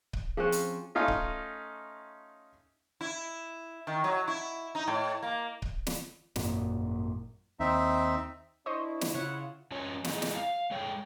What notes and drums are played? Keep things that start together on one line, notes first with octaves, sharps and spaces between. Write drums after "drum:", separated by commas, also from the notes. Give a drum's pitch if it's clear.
drum: kick C#1
F3 C4 C#4 G#4 C5
drum: hi-hat
A3 C#4 D#4 F4
drum: kick C#1
E4
D#3
F#3
E4
D#4
A2
A#3
drum: kick C#1
drum: snare
G#1 F#2 A#2, drum: snare
D#2 C4 D#4 E5
D4 E4 C5 D#5 C#6
drum: snare
C#3 E4 F4 C#5 F#5
F#3 C#4 F4 C#5
G#3 A3 B3 E4 G#4 D#5, drum: snare
drum: snare
F5
G#3 C#5 G5